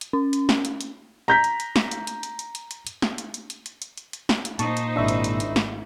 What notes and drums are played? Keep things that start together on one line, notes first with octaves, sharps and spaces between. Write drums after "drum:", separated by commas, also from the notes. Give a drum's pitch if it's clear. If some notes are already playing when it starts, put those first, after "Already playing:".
drum: hi-hat
C#4
drum: hi-hat
drum: snare
drum: hi-hat
drum: hi-hat
A#5 G6 B6
drum: hi-hat
drum: hi-hat
drum: snare
drum: hi-hat
drum: hi-hat
drum: hi-hat
drum: hi-hat
drum: hi-hat
drum: hi-hat
drum: hi-hat
drum: snare
drum: hi-hat
drum: hi-hat
drum: hi-hat
drum: hi-hat
drum: hi-hat
drum: hi-hat
drum: hi-hat
drum: snare
drum: hi-hat
A#2 D#4 C5 A5 C#6, drum: hi-hat
drum: hi-hat
G#1 D4 E4 E5 C#6
drum: hi-hat
drum: hi-hat
drum: hi-hat
drum: snare